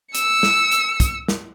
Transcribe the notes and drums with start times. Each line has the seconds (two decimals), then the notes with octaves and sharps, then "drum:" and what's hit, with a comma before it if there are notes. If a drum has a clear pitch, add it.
0.15 E6 C#7, drum: hi-hat
0.43 drum: snare
0.72 drum: hi-hat
1.00 drum: kick, hi-hat
1.28 drum: snare